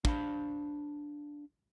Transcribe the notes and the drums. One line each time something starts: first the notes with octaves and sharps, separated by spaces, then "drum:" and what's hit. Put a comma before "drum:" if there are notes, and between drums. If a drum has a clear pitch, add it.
D4 C5 F5 F#5 A5 B5, drum: kick